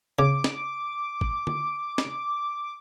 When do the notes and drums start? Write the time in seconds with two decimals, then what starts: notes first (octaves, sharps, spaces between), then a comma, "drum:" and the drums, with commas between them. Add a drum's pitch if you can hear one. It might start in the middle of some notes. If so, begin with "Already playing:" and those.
0.19 C#3 D6
0.44 drum: snare
1.21 drum: kick
1.47 drum: tom D3
1.98 drum: snare